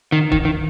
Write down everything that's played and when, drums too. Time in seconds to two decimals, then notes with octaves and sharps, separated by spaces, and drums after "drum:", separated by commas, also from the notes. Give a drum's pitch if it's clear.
0.12 D#3
0.32 D#3, drum: kick
0.45 D#3